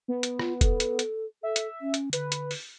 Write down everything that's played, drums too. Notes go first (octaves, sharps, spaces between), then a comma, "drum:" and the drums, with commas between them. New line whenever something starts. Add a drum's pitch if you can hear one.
B3
drum: hi-hat
F4, drum: rim click
A4, drum: kick, hi-hat
drum: hi-hat
drum: hi-hat
A4 E5
drum: hi-hat
C#4
drum: hi-hat
D3 B4, drum: hi-hat
drum: hi-hat
drum: open hi-hat